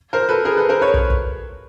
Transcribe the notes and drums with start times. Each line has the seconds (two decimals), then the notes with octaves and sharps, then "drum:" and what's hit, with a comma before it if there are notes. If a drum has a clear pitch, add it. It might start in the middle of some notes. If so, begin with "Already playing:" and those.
0.13 A#4 C5
0.29 A4 B4
0.45 G#4 A#4
0.57 A4 B4
0.69 A#4 C5
0.82 B4 C#5
0.94 drum: kick
1.10 drum: kick